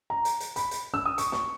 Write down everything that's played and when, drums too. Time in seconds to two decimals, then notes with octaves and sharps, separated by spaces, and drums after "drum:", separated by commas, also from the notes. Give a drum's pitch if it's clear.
0.10 A#5
0.25 drum: hi-hat
0.40 drum: hi-hat
0.56 B5, drum: hi-hat
0.71 drum: hi-hat
0.94 E6
1.06 D#6
1.18 C#6, drum: hi-hat
1.32 C#6, drum: snare